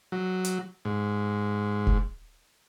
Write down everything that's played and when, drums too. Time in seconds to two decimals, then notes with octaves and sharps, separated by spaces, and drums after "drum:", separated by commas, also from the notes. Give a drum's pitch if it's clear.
0.12 F#3
0.45 drum: hi-hat
0.85 G#2
1.87 drum: kick F1